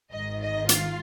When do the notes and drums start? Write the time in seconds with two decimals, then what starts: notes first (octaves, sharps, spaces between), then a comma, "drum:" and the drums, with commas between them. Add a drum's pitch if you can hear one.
0.12 G#1 G#2 D#3 D#5
0.41 D#5
0.69 F4, drum: hi-hat